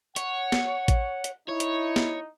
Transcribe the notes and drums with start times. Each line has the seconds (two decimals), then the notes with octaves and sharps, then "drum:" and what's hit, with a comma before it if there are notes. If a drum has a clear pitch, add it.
0.16 C#5 F#5, drum: hi-hat
0.52 drum: snare
0.88 drum: kick A1, hi-hat
1.24 drum: hi-hat
1.48 D#4 E4 C#5
1.60 drum: hi-hat
1.96 drum: snare